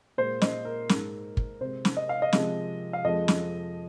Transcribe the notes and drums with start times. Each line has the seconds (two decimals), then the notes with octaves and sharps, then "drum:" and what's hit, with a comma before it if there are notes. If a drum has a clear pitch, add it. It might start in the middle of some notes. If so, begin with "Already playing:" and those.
0.18 A#2 G#3 C5
0.42 D#5, drum: snare
0.65 A#4
0.89 G#2 G#3, drum: snare
1.37 drum: kick
1.61 C3 G#3 C5
1.85 drum: snare
1.97 D#5
2.09 F5
2.22 D#5
2.33 C3 F3 G#3, drum: snare
2.93 F5
3.04 F2 F3 G#3 D#5
3.28 drum: snare